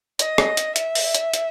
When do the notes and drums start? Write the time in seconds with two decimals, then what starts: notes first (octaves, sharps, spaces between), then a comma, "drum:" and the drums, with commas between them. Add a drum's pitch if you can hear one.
0.19 D#5, drum: hi-hat
0.38 drum: rim click
0.57 drum: hi-hat
0.76 E5, drum: hi-hat
0.95 drum: open hi-hat
1.14 drum: hi-hat
1.34 drum: hi-hat